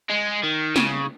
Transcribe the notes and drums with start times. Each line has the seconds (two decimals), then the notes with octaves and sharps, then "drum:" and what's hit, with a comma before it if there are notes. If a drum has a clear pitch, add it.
0.09 G#3
0.43 D#3
0.76 C#3, drum: snare